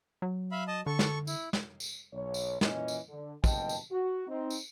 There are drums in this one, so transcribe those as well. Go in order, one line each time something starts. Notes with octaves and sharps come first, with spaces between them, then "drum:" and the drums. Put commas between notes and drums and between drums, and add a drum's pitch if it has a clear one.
F#3
E5 F5 B5
D#5 A5
D3 A4 C#6
drum: snare
E4, drum: tambourine
drum: snare
drum: tambourine
B1 C#5
drum: tambourine
A#2 E3 C#4 D#5, drum: snare
drum: tambourine
D3
F#1 G2 B2 D#5 G5 A5, drum: kick, tambourine
drum: tambourine
F#4
C4 D#4
drum: tambourine